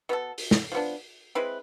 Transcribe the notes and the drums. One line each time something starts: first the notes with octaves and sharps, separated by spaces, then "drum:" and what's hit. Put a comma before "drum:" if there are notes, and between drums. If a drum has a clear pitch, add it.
B2 B3 E4 A4
drum: open hi-hat
drum: snare
F3 B3 D4
G#3 C4 E4 B4